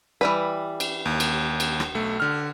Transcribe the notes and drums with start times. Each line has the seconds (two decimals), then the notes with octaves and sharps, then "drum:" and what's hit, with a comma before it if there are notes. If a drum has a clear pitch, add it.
0.21 E3 G3 B4
0.80 drum: cymbal
1.05 D#2
1.20 drum: cymbal
1.60 drum: cymbal
1.80 drum: rim click
1.94 B1 A3
2.20 D3 F6